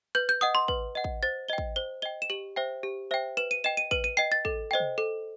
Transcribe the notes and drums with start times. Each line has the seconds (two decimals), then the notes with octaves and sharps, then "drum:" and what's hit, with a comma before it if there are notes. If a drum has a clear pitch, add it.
0.15 B4 G6
0.29 G6
0.41 D#5 F#5 D#6
0.55 C6
0.68 B4, drum: kick
0.95 D#5 F#5
1.04 drum: kick
1.23 C5 A6
1.48 D#5 G5 G7
1.58 drum: kick
1.76 C5 G7
2.02 D#5 G5 G7
2.22 E7
2.30 G4 F#7
2.56 C5 E5 G5
2.83 G4
3.11 C5 E5 G5
3.37 B4 E7
3.51 D#7
3.64 D#5 G5 E7
3.77 D#7
3.91 B4 D#7, drum: kick
4.04 D#7
4.17 D#5 G5 C7
4.32 A6
4.45 A4, drum: kick
4.71 C5 D#5 G5
4.80 drum: tom
4.98 A4